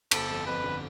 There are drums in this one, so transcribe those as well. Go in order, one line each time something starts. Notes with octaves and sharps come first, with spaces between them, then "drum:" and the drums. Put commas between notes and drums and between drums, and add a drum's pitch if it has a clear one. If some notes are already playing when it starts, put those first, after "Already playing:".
G1 A4, drum: cymbal
F2
F2 B4
D3